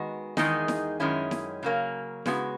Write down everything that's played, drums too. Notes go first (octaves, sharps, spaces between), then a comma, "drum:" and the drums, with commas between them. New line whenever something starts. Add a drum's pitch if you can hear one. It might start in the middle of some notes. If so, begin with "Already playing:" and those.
Already playing: D#3 G#3 B3 F#4
E2 D#3 G#3 D#4 G#4, drum: snare E4
drum: snare E4
F#2 D#3 G#3 C#4 E4
drum: snare E4
C#3 F#3 A#3 C#4
C#3 G#3 B3 F#4, drum: snare E4